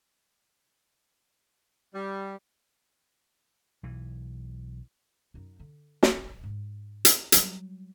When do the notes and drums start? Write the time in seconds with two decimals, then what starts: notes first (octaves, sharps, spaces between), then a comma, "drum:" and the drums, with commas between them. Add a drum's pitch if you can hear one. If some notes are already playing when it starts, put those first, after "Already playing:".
1.95 G3
3.83 B1 E3
5.34 F#2 D#4
5.59 D3
6.03 drum: snare
6.44 G#2
7.05 drum: hi-hat
7.32 F#3 G3, drum: hi-hat